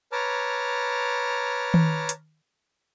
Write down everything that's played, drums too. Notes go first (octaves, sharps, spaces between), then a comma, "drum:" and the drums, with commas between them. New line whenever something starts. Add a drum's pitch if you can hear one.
B4 C#5 A5 A#5 D6 F6
drum: tom D#3
drum: hi-hat